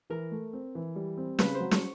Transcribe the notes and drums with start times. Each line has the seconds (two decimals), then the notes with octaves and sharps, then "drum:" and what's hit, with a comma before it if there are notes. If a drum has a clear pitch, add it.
0.10 E3 A#4
0.31 A3
0.53 C4
0.75 E3
0.96 G3
1.17 C4
1.39 C#3 B4, drum: snare
1.55 C5
1.60 F#3
1.71 C#5, drum: snare